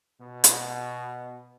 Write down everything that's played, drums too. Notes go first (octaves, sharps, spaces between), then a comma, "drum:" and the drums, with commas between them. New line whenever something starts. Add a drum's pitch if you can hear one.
B2
drum: hi-hat